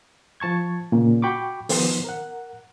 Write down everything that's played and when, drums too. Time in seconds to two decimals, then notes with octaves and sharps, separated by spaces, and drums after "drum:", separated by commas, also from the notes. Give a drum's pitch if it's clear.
0.40 F3 A5 C#6 G#6
0.92 A#2 C#3 A#3
1.22 F#4 G5 B5 C#6 D6
1.69 D#3 F3 B3 C5, drum: open hi-hat
2.04 A#4 F#5